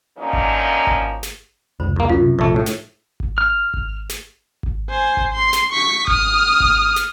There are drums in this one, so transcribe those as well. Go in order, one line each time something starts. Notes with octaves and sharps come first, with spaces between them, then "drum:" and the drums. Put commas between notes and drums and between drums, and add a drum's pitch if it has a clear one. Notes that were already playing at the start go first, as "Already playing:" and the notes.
D3 F3 F#3 A#3 C#4 D#4
drum: kick G#1
drum: kick G#1
drum: snare
F1 C#2 C5 B5
E2 A#3
F#2 F4
C3
A#1 F2 C3 F3 A3 C#6
A2
drum: snare
drum: kick G#1
F6
drum: kick G#1
drum: snare
drum: kick G#1
C5 G#5
drum: kick G#1
C6
drum: snare
C#6 B6
D#6 F6, drum: kick G#1
drum: kick G#1
drum: snare